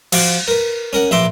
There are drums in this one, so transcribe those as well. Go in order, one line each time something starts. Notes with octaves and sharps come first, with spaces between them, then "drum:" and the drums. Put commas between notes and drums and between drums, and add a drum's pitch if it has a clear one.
F3 F#4 F5 D6, drum: cymbal
A#4 B4
C#4 A#4 F#5
A#1 B4 E5 A#5 C6 D6